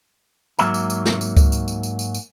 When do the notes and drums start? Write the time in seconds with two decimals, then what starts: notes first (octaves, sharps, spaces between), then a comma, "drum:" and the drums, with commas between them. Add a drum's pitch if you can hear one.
0.59 G#2 F#3 A#3 E5 A#5, drum: tambourine
0.74 drum: tambourine
0.90 drum: tambourine
1.05 drum: snare
1.21 drum: tambourine
1.37 drum: kick C#2, tambourine
1.52 drum: tambourine
1.68 drum: tambourine
1.83 drum: tambourine
1.99 drum: tambourine
2.15 drum: tambourine